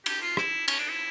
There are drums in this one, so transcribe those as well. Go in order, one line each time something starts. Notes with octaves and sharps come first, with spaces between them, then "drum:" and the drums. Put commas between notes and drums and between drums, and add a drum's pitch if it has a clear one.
G4, drum: cymbal
F4
E4, drum: rim click
C#4, drum: cymbal
D4
E4